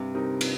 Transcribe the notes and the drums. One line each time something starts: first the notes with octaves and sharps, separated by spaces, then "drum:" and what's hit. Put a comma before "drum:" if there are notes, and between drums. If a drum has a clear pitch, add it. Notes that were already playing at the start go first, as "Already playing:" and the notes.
Already playing: G2 C3
G3 C4 D#4 A#4
drum: cymbal